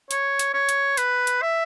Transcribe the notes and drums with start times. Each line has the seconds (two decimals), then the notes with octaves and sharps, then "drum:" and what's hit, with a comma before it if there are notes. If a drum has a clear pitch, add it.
0.11 C#5, drum: hi-hat
0.39 drum: hi-hat
0.54 C#5
0.69 drum: hi-hat
0.97 B4, drum: hi-hat
1.27 drum: hi-hat
1.42 E5